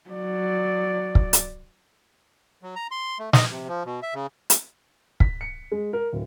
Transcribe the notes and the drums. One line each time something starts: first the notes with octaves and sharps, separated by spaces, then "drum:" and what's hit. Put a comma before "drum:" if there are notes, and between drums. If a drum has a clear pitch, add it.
F#3 D5
drum: kick
drum: hi-hat
F#3
A#5
C6
A3
D#5, drum: snare
C3
F3
B2
E5
C#3
drum: hi-hat
B6, drum: kick
C#7
G#3
A#4
D1